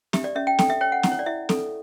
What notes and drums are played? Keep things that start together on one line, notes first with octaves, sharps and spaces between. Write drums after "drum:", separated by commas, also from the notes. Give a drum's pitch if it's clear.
G4 E5, drum: snare
D5
C#4 E5
G5
A4 G5, drum: snare
E5
C#5 G5
F#5
E4 F#5, drum: snare
C#5
D5
E4 E5
A4, drum: snare